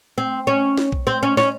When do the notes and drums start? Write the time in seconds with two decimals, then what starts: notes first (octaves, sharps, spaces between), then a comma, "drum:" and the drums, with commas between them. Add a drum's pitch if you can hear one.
0.18 C4
0.47 C#4
0.77 drum: snare
0.92 drum: kick B1
1.07 C4
1.23 C#4
1.37 C#4, drum: snare